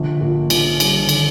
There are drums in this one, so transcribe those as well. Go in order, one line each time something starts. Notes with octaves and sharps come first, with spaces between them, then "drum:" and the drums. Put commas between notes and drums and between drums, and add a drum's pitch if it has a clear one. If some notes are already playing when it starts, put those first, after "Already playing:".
Already playing: A#1 D3
A#2
A#1, drum: cymbal
G3, drum: cymbal
D#3
D3, drum: cymbal